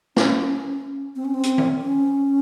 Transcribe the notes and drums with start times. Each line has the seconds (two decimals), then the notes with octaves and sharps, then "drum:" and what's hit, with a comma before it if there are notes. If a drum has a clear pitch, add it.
0.16 C#4, drum: snare
1.16 C4
1.25 C#4
1.34 C4
1.43 drum: hi-hat
1.58 drum: tom D#3
1.82 C#4